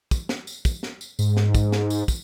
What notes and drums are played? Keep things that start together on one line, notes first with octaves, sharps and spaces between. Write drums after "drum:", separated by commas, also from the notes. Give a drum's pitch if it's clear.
drum: kick, tambourine
drum: snare
drum: tambourine
drum: kick, tambourine
drum: snare
drum: tambourine
G#2, drum: tambourine
drum: snare
drum: kick, tambourine
drum: snare
drum: tambourine
drum: kick, tambourine